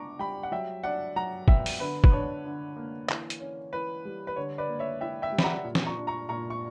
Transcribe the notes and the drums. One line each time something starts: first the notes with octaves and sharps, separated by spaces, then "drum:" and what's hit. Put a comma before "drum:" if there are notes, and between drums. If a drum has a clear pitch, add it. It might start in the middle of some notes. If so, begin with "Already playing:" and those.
Already playing: B3 D4 A#5 C#6 D6
G3 G5 B5
F#5
F#3 E5 G5
D4 D5 F#5
F#3 F#5 A#5
B3 E5 G5, drum: kick
drum: open hi-hat
D3 B4
B4, drum: kick
D4 C#5
D3
A#3
E3, drum: clap
drum: hi-hat
C#4
E3 B4
G3
B4
D3 C#5
B4 D5
A#3
C#5 E5
E4 E5 G5
E5 G5
G3
B5, drum: snare
F#5 A#5
A#2
drum: snare
A#5 C#6
D4
A#5 C#6
A#2 A#5 C#6
C#6